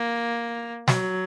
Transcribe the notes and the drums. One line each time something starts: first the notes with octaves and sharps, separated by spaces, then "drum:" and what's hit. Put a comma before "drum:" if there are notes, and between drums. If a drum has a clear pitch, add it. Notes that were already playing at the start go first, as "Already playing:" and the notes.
Already playing: A#3
F#3, drum: snare